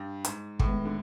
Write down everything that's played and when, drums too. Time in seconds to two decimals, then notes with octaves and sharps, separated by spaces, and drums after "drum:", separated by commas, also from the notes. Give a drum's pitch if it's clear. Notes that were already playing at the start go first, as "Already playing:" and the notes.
Already playing: G2
0.25 G#2, drum: hi-hat
0.59 A2 D#3 G#3 B3, drum: kick
0.85 D3